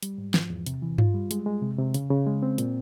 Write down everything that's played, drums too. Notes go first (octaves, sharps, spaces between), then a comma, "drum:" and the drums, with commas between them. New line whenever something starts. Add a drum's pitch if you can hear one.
G3, drum: hi-hat
G#2
F3, drum: snare
E2
C3, drum: hi-hat
E3
F4, drum: tom G2
G3
G#3, drum: hi-hat
G#3
C3
C3
C#3, drum: hi-hat
C#3
G#3
C4
A#2, drum: hi-hat